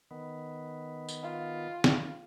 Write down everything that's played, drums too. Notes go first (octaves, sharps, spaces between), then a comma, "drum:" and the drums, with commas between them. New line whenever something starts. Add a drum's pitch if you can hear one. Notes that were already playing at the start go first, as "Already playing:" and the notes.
D#3 B3
drum: tambourine
F4
drum: snare